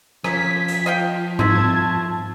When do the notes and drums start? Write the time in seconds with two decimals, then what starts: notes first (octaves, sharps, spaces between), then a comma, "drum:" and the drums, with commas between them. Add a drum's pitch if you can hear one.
0.24 F3 C#4 A#5 G#6 B6, drum: rim click
0.68 drum: hi-hat
0.86 D#5 F5 G5
1.39 A3 D#4 A5 C6 E6 G#6 B6, drum: tom G#2